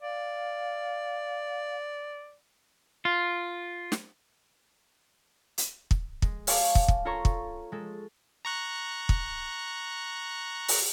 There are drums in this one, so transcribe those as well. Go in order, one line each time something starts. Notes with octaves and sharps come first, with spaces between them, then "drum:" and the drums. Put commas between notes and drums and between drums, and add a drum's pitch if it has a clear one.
D5 F5
F4
drum: snare
drum: hi-hat
drum: kick
G#3, drum: kick
C#5 F5 G#5 A5 C#6 D6, drum: open hi-hat
drum: kick
drum: kick
F4 A4 C#5 A#5 C#6
drum: kick
G#3 A4
A#5 C#6 F#6
drum: kick
drum: open hi-hat